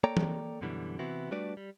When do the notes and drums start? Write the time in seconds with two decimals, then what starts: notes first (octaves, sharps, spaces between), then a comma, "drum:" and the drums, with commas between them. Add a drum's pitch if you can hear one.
0.04 A#3 A4 C#5 D5 G5 A#5
0.17 drum: tom E3
0.61 F#2 B2 D3 E3 G3
0.99 C3 E3 B3 C4 E4 F#4
1.31 G3 A3 D4 F#4 B4 D5
1.57 G3